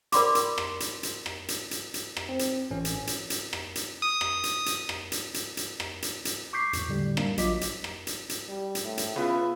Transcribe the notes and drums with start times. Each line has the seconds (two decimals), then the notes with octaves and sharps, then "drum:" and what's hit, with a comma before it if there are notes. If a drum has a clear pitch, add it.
0.12 A#4 D5 B5 C6 D6, drum: hi-hat
0.35 drum: hi-hat
0.58 drum: rim click
0.80 drum: hi-hat
1.03 drum: hi-hat
1.26 drum: rim click
1.48 drum: hi-hat
1.71 drum: hi-hat
1.94 drum: hi-hat
2.17 drum: rim click
2.29 C4
2.39 drum: hi-hat
2.71 A1 C#4
2.85 drum: hi-hat
3.07 drum: hi-hat
3.30 drum: hi-hat
3.53 drum: rim click
3.75 drum: hi-hat
4.02 D#6
4.21 drum: rim click
4.44 drum: hi-hat
4.66 drum: hi-hat
4.89 drum: rim click
5.12 drum: hi-hat
5.34 drum: hi-hat
5.57 drum: hi-hat
5.80 drum: rim click
6.02 drum: hi-hat
6.25 drum: hi-hat
6.53 C#6 D6 G6 B6 C7
6.73 E2 A2, drum: hi-hat
6.88 A2 D3 G3
7.17 G3 A#3 D4, drum: rim click
7.38 A1 F#3 F4 D#5 D6 B6, drum: hi-hat
7.61 drum: hi-hat
7.84 drum: rim click
8.07 drum: hi-hat
8.29 drum: hi-hat
8.48 G3
8.75 drum: hi-hat
8.84 A2
8.98 drum: hi-hat
9.16 C#3 B3 F4 B4 E5